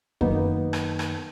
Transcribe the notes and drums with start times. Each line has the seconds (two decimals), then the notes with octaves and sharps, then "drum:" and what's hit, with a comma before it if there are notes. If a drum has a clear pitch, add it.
0.21 F#2 D#3 A#3 B3 D#4, drum: kick
0.73 drum: rim click
0.99 drum: rim click